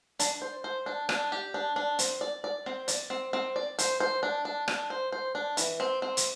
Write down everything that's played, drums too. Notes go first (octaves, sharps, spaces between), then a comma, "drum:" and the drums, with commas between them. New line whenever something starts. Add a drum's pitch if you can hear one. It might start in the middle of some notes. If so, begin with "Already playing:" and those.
D4, drum: hi-hat
C5
C5
D4
D4, drum: rim click
G4
D4
D4
C4, drum: hi-hat
D5
D5
C4
D5, drum: hi-hat
C4
C4
D5
C5, drum: hi-hat
C5
D4
D4
D4, drum: rim click
C5
C5
D4
E3, drum: hi-hat
C4
C4
drum: hi-hat